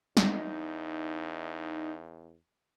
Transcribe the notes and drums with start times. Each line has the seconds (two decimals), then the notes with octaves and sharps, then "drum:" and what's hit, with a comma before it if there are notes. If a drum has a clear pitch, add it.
0.17 E2 D#4, drum: snare